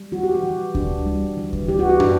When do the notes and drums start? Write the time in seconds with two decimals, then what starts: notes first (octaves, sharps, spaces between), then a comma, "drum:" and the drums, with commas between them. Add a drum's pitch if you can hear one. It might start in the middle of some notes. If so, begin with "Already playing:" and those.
Already playing: G3
0.12 E3 F#4
0.24 G4
0.34 F#4
0.44 E3
0.75 D4, drum: kick D2
1.06 G3
1.37 E3
1.53 drum: kick D2
1.68 E3 G4
1.79 F#4
1.89 G4
2.00 D4, drum: tom